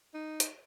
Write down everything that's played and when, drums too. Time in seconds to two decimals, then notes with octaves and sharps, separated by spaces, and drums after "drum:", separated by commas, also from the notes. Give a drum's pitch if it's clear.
0.14 D#4
0.40 drum: hi-hat